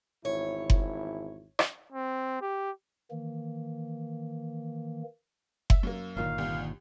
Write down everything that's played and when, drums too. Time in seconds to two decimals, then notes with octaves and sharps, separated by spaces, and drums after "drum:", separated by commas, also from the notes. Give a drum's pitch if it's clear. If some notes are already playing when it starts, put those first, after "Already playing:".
0.25 G#1 E2 E4 C#5
0.70 drum: kick F#1
1.59 drum: rim click
1.92 C4
2.41 G4
3.11 D#3 E3 A#3
5.70 E5, drum: kick F#1
5.83 F#2 A#3
6.17 G1 A#2 D#3 F5
6.38 C2